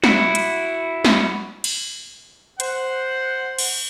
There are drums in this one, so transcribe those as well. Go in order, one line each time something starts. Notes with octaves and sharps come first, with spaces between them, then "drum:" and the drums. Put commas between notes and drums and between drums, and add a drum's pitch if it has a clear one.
E4 F#4, drum: snare
drum: hi-hat
drum: snare
drum: cymbal
C5 F#5, drum: hi-hat
drum: cymbal